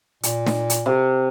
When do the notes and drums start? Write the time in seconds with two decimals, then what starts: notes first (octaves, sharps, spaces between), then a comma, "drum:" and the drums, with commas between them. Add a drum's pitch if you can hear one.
0.23 A#2, drum: hi-hat
0.46 drum: snare
0.70 drum: hi-hat
0.86 C3